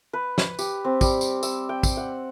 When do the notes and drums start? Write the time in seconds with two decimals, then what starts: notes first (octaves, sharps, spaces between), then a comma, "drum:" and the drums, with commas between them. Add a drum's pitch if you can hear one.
0.13 B4
0.38 drum: snare
0.59 G4, drum: tambourine
0.85 C4
1.01 G3, drum: kick, tambourine
1.21 drum: tambourine
1.43 E6, drum: tambourine
1.69 G5
1.83 drum: kick, tambourine
1.97 F#5